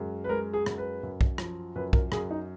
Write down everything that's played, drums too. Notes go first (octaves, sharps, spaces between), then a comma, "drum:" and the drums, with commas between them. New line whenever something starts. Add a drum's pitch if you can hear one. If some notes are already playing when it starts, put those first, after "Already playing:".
Already playing: F#2 G#3
B4
G#3 A#4
G#4
F#2, drum: rim click
B4
F#2
drum: kick B1
F3, drum: rim click
F#2 B4
A#4, drum: kick B1
F#2 G#4, drum: rim click
D#4